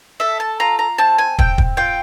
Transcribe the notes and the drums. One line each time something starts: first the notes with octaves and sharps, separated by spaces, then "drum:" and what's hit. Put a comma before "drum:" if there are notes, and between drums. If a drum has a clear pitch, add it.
A4 E5
A5
F4 A#5
A#5
C4 A5
G#5
C4 G5, drum: kick
drum: kick
F4 G5